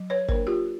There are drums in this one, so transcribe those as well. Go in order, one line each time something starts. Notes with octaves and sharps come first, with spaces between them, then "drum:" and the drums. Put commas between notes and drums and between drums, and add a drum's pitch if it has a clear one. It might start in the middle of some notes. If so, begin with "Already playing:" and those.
Already playing: F#3
B4 C#5
A#3 D4 A#4 C5, drum: kick G1
F4 G4